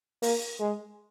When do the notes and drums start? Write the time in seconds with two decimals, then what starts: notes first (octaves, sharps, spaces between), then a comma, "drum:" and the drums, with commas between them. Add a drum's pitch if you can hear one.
0.22 A#3, drum: open hi-hat
0.60 G#3